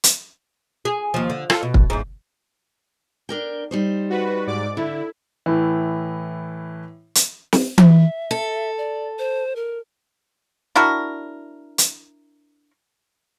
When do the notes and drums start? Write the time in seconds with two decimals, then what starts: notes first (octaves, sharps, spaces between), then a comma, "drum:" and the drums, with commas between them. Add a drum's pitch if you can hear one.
0.04 drum: hi-hat
0.85 G#4
1.14 D#2 F3
1.30 D3
1.50 F4 A4, drum: rim click
1.63 B2
1.74 drum: kick
1.90 E2 G#2
3.29 D4 A#4 G5
3.71 G3 D#4 C5
4.10 F#4 B4
4.47 G#2 D5 D6
4.77 D3 E4
5.46 A2 E3
7.15 drum: hi-hat
7.53 drum: snare
7.78 E5, drum: tom E3
8.31 A4
8.78 D5
9.19 C5
9.56 A#4
10.76 D4 E4 F#4 A#4
11.78 drum: hi-hat